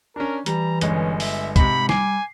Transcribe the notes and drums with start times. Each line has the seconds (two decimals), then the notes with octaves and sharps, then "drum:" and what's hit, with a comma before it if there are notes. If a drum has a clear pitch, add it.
0.16 C#4 D4 A#4
0.46 E3 G3 A#5, drum: hi-hat
0.81 G1 G#3 C#4, drum: hi-hat
1.20 E5, drum: open hi-hat
1.56 G#2 C3 G#3 B5, drum: kick, hi-hat
1.89 G3 G#5 D6 C7, drum: snare